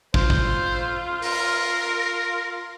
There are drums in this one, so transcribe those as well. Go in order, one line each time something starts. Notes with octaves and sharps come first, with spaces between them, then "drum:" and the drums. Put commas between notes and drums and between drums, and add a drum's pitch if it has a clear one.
F4 C5, drum: kick
drum: kick
A#4, drum: open hi-hat